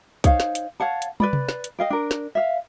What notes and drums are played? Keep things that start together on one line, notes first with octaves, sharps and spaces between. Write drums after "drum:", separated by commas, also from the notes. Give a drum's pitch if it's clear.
D#4 C5 C#5 F5, drum: kick C2, hi-hat
drum: snare
drum: hi-hat
C#5 F5 F#5 A5
drum: hi-hat
B4 D5 B5, drum: tom
drum: tom C3
drum: snare
drum: hi-hat
D#5 F5 G5
D4 A#4
drum: snare
E5 F5